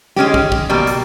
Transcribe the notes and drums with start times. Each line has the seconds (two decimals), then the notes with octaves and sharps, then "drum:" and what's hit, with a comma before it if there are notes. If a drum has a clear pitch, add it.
0.16 G#3 C#4 G4, drum: snare
0.34 drum: kick
0.52 drum: kick
0.70 B2 G3 A#3
0.87 drum: hi-hat